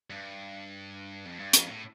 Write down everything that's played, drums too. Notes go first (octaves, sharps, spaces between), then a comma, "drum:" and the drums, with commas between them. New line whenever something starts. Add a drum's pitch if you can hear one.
G2
F2
G2
F2, drum: hi-hat
A2